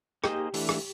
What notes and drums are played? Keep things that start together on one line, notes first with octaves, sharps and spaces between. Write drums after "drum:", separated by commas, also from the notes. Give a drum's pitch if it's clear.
A#3 D#4 G4 G#4 C5 D#5, drum: rim click
E3 A3 D4, drum: open hi-hat
drum: rim click